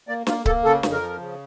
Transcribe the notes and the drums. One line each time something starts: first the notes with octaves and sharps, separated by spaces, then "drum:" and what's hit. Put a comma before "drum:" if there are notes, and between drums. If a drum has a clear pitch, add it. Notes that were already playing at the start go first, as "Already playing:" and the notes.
A#3 D5
A#3 F4, drum: snare
A#3 A4, drum: kick C#1
C#3 A4
F2, drum: snare
A#4
F3
C#3